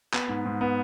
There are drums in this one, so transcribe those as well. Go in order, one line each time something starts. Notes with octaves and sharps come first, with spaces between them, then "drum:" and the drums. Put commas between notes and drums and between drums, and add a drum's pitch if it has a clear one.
B3, drum: clap
G#2
G#2
B3